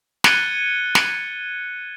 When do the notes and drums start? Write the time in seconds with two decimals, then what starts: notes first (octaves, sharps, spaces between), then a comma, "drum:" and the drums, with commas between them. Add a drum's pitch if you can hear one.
0.24 F#6 G#6 A6 C#7 D#7 G7, drum: snare
0.95 drum: snare